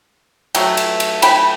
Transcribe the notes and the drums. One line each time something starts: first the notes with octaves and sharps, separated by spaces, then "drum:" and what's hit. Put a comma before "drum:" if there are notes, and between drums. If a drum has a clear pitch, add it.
F#3 A3 G5, drum: cymbal
drum: cymbal
drum: cymbal
G5 B5, drum: cymbal